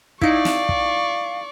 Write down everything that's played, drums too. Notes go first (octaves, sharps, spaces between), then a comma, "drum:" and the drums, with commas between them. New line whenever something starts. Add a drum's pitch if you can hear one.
D#4 E4 D5 F5 C#6, drum: kick
drum: snare
drum: kick